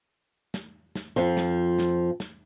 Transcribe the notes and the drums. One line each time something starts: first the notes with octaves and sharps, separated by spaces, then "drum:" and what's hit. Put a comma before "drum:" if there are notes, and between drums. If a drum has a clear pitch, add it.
drum: snare
drum: snare
F2 F3
drum: snare
drum: snare
drum: snare